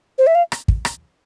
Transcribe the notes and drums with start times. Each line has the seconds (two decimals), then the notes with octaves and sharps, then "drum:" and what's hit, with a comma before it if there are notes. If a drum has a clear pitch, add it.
0.18 C5
0.27 E5
0.35 F5
0.52 drum: rim click
0.68 drum: kick
0.85 drum: rim click